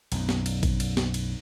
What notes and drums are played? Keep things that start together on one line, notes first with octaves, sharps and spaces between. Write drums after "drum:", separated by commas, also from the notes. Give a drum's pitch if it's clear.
B1 F#2, drum: cymbal
drum: snare B3
drum: cymbal
drum: kick A#1, cymbal
drum: cymbal
drum: snare B3
drum: cymbal